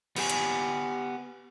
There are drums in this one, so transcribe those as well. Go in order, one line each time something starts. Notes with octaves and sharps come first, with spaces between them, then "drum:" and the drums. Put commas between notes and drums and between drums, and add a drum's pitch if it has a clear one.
B3 G4 G#5, drum: cymbal
drum: hi-hat